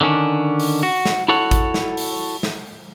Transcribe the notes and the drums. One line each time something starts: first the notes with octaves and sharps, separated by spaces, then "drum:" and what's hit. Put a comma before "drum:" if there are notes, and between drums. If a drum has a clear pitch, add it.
D3 D#3 C#4 D4
drum: open hi-hat
F#4
drum: snare
E4 F#4 A4 C#5 F#5
drum: kick G#1, hi-hat
drum: snare
drum: open hi-hat
drum: snare